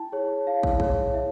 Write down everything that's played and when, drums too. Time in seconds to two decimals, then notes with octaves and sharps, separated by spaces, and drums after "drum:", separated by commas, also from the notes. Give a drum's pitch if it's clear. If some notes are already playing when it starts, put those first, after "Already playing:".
Already playing: E4 G5 A5
0.12 G#4 C#5
0.47 E4 F5
0.63 drum: kick
0.80 G#4 C#5, drum: kick
1.14 E4 E5